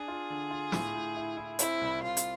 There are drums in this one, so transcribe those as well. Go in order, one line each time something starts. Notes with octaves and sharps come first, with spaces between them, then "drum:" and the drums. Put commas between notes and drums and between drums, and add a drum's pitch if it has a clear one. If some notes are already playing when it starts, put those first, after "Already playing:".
Already playing: D4 G#4
F4
D3
F4
A2, drum: snare
A2
E4
E4
C4 E4, drum: hi-hat
C2
C2 F4
drum: hi-hat